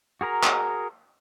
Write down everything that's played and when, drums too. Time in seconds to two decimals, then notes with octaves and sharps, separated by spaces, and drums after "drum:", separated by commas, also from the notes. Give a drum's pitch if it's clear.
0.21 F#4 G#4 A#4 A#5
0.43 drum: clap